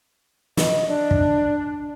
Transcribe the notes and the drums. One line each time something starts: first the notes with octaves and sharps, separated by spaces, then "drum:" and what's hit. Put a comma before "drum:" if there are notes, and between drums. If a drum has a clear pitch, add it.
D#5, drum: snare
D4 D5
drum: kick